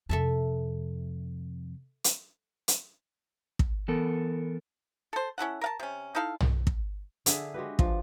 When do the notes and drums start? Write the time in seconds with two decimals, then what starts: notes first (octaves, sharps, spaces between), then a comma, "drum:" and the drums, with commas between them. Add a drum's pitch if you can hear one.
0.09 F2 C3 A4 E5 A5
2.04 drum: hi-hat
2.68 drum: hi-hat
3.59 drum: kick
3.88 E3 B3 A4 A#4
5.13 A4 C5
5.38 C#4 E4 A4 F#5
5.61 A#4 F5 A5
5.80 C3 C#4
6.15 D#4 E4 A4 F5
6.40 drum: tom
6.67 drum: kick
7.26 D3 G#4 E5, drum: hi-hat
7.54 G#3 F#4 G4 B4
7.79 F3 D4, drum: kick